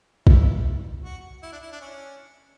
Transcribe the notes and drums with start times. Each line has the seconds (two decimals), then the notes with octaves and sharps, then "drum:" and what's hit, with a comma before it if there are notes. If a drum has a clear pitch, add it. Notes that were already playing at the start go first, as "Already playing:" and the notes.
0.27 G3 C#4 E4, drum: kick
1.04 F#4
1.43 E4
1.52 D4
1.62 E4
1.72 D4
1.81 C#4